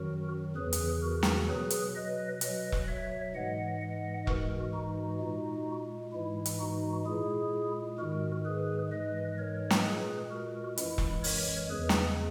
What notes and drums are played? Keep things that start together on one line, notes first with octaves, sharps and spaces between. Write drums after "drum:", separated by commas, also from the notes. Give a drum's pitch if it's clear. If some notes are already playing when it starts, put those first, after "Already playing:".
Already playing: F#2 D#3 F#3 F#4 A#4
E2 C#3 E3 G#4 B4
drum: hi-hat
F#4 A#4
drum: snare
B2 F#3 G#4 B4
drum: hi-hat
B4 D#5
B2 F#3 B4 D#5, drum: hi-hat
drum: kick E1
C#5 E5
G#2 E3 G#3 D#5 F#5
D#5 F#5
G#2 E3 G#3 F#4 A#4, drum: kick E1
D#4 F#4
A#2 G#3
G#2 E3 G#3 E4
drum: hi-hat
D#4 F#4
A#2 G#3 E4 G#4
G#2 D#3 G#3 F#4 A#4
G#4 B4
G#2 E3 G#3 B4 D#5
A#4 C#5
drum: snare
A#2 G#3 G#4 B4
F#4 A#4
F#2 E3 G#3 E4, drum: hi-hat
drum: kick E1
A#4 C#5, drum: open hi-hat
E2 C#3 G#3 G#4 B4
drum: snare